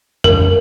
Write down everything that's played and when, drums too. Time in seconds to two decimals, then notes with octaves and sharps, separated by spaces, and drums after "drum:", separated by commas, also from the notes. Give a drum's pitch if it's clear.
0.24 A#4, drum: tom F2